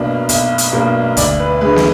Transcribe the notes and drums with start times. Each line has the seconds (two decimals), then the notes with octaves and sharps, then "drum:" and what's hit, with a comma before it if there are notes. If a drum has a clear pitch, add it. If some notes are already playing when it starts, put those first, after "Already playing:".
Already playing: B1 B2 A#3 D4
0.29 B1, drum: hi-hat
0.58 drum: hi-hat
0.73 B2 A#3 D4
1.17 D2 D5, drum: kick, hi-hat
1.40 B4
1.61 D3 G#3 B4
1.76 drum: snare